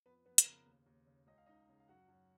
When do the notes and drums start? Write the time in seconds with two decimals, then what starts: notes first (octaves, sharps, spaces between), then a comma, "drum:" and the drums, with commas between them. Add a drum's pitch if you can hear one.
0.06 F2 B3 B4
0.26 F2 B3 B4
0.38 A#4, drum: hi-hat
0.45 C#3 B3 B4
0.66 D#2
0.86 D#2
1.07 C#3
1.27 C#2 D#5
1.38 F5
1.46 C#2 D#4 D#5
1.69 C#3
1.80 F5
1.88 F#2 F#4 F#5
2.08 F#2